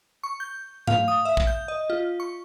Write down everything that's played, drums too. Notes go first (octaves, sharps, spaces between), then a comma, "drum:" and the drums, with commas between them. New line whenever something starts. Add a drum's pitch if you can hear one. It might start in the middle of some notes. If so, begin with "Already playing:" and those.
C#6
G6
F5, drum: tom G#2
D#6
E5
drum: kick
G6
D#5
F4
C#6